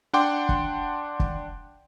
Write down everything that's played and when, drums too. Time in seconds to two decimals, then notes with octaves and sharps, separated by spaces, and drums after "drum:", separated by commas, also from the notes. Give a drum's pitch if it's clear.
0.13 D4 F#5 G5 C6 D6
0.49 drum: kick
1.20 drum: kick